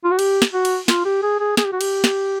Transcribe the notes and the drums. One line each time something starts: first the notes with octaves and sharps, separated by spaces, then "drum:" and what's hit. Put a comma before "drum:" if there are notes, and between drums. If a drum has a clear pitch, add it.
F4
F#4
G4, drum: cymbal
drum: snare
F#4
drum: cymbal
F4, drum: snare
G4
G#4
G#4
G#4, drum: snare
G4
F#4
G4, drum: cymbal
drum: snare